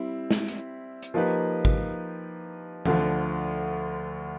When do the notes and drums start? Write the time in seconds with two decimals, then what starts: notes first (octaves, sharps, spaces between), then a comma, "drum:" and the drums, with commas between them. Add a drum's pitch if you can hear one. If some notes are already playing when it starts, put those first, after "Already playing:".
Already playing: G3 C4 E4
0.31 drum: snare
0.48 drum: hi-hat
1.03 drum: hi-hat
1.14 F3 A#3 D#4 G4 B4
1.65 drum: kick G#1
2.86 D2 D3 F3, drum: tom E3